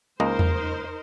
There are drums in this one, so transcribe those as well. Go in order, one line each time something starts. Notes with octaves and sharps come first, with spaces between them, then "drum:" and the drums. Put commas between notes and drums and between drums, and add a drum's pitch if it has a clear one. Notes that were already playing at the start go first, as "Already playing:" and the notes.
C#2 A#3 D#4 A#4 C5 D#5
drum: tom E2